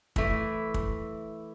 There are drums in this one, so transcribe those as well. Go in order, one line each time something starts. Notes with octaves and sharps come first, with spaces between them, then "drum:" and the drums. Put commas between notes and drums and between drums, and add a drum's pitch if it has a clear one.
E3 A3 E4, drum: kick
drum: kick